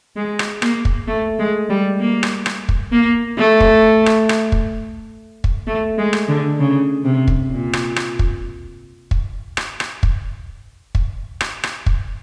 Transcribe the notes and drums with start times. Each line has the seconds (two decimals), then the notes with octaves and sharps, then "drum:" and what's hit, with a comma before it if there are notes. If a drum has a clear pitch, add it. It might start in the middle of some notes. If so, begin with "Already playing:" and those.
0.16 G#3
0.39 drum: rim click
0.62 A#3, drum: rim click
0.85 drum: kick
1.07 A3
1.39 G#3
1.70 G3
2.00 A#3
2.23 drum: rim click
2.46 drum: rim click
2.69 drum: kick
2.92 A#3
3.38 A3
3.60 drum: kick
4.06 drum: rim click
4.29 drum: rim click
4.52 drum: kick
5.44 drum: kick
5.67 A3
5.98 G#3
6.13 drum: rim click
6.29 D3
6.59 C#3
7.04 C3
7.28 drum: kick
7.51 A#2
7.73 drum: rim click
7.96 drum: rim click
8.19 drum: kick
9.11 drum: kick
9.57 drum: rim click
9.80 drum: rim click
10.03 drum: kick
10.95 drum: kick
11.41 drum: rim click
11.63 drum: rim click
11.86 drum: kick